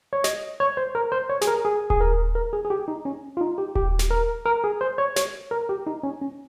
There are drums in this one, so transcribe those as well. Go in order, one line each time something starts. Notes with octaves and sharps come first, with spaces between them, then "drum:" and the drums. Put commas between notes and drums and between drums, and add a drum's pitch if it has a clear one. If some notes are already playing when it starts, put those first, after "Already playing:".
C#5
D#5, drum: snare
C#5
C5
A#4
C5
C#5
G#4, drum: snare
A#4
G#4
G#4, drum: kick D#1
A#4
A#4
G#4
G#4
G4
D#4
C#4
F4
D#4
G4
G4, drum: kick D#1
drum: snare
A#4
A#4
G#4
C5
C#5
C#5, drum: snare
A#4
G4
D#4
C#4
C#4